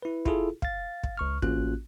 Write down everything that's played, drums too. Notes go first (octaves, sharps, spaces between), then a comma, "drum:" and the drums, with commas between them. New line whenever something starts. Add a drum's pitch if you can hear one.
E4 B4
E4 F4 G#4 A4, drum: kick
F5 A6, drum: kick
drum: kick
C#2 C#6 F6
A1 A#3 C#4 F4 F#4 F#6, drum: kick